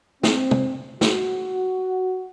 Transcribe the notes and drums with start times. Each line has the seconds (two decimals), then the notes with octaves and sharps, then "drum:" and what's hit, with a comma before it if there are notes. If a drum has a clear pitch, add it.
0.23 C4, drum: snare
0.51 drum: tom
1.01 F#4, drum: snare